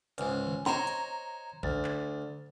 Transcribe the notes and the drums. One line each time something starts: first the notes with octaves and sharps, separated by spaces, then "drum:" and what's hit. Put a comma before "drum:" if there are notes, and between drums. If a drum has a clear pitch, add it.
C#2 G#2, drum: hi-hat
drum: tom D3
C5 C#5 D#5 A#5, drum: snare
drum: hi-hat
D2 A6, drum: kick
drum: clap